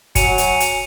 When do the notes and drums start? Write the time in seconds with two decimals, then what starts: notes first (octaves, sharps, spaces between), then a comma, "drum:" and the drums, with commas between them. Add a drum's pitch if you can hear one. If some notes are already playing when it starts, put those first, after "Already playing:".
0.15 F#3 G#5 C#7 D#7 F7, drum: kick, hi-hat
0.38 drum: hi-hat
0.60 drum: hi-hat